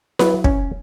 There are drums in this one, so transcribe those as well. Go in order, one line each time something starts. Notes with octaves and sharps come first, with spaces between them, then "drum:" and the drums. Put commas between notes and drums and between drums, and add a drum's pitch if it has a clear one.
F#3 B4, drum: snare E4
C#4, drum: kick